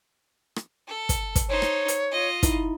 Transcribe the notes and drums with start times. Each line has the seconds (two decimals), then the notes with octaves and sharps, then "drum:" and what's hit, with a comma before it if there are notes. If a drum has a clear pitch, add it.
0.56 drum: rim click
0.87 A4
1.09 drum: kick, hi-hat
1.36 drum: kick, hi-hat
1.49 D#4 C5 C#5
1.62 drum: rim click
1.88 drum: hi-hat
2.11 F4 D#5
2.43 D#4 E4, drum: kick, hi-hat